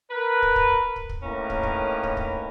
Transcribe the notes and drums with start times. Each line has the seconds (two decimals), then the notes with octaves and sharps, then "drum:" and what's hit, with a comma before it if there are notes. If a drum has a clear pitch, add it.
0.11 A#4 B4
0.42 drum: kick
0.56 drum: kick
0.96 drum: kick
1.09 drum: kick
1.23 A2 D#3 A#3 C#4 B4 A#5
1.50 drum: kick
1.63 drum: kick
2.03 drum: kick
2.17 drum: kick